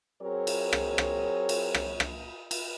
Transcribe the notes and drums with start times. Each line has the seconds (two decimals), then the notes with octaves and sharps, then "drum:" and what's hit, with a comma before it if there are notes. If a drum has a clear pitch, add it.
0.22 F#3 C4 G#4 A#4 C#5
0.47 drum: cymbal
0.73 drum: rim click
0.98 drum: rim click
1.49 drum: cymbal
1.74 drum: rim click
2.00 drum: rim click
2.51 drum: cymbal